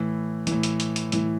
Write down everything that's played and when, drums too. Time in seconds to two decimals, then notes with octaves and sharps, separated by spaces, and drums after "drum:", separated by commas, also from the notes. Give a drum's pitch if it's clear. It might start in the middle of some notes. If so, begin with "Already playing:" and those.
Already playing: A2 E3
0.47 A2 E3, drum: hi-hat
0.63 drum: hi-hat
0.80 drum: hi-hat
0.96 drum: hi-hat
1.12 A2 E3, drum: hi-hat